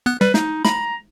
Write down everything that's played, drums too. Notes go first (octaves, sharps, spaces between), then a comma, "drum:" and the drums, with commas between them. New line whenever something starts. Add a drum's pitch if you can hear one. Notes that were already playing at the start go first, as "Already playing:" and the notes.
B3 F#6
G3 B4
D#4, drum: snare
A#5 B5, drum: snare